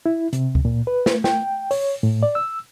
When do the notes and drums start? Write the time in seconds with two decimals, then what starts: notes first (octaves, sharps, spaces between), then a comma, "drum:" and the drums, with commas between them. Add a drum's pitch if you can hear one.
0.06 E4
0.33 C3, drum: hi-hat
0.55 drum: kick C#2
0.65 A#2
0.87 B4
1.06 drum: snare
1.24 G5, drum: snare
1.71 C#5, drum: open hi-hat
2.03 A2
2.23 D5
2.35 E6